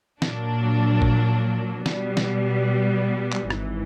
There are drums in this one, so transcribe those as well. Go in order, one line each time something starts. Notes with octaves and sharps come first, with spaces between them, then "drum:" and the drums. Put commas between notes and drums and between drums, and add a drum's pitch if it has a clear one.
A#2 F#3 A#3 D4, drum: snare
drum: kick G#1
B2 G3 B3, drum: snare
drum: snare
drum: clap
G#1 G#2 E3, drum: rim click